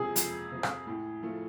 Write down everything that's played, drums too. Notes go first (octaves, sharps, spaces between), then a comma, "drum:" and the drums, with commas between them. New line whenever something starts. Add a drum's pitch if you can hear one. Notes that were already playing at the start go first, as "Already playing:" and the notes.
Already playing: F2 C3 F3 G#4
F2, drum: hi-hat
C3 F3
drum: rim click
A2
F3 A3